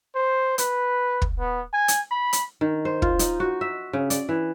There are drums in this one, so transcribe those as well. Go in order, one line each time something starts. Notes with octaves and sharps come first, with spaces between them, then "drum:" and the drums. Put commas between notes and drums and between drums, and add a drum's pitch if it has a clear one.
C5
B4, drum: hi-hat
drum: kick
B3
G#5
drum: hi-hat
B5
drum: hi-hat
D#3
C5
F4, drum: kick
D#4, drum: hi-hat
F#4
E5
C#3
D5, drum: hi-hat
E3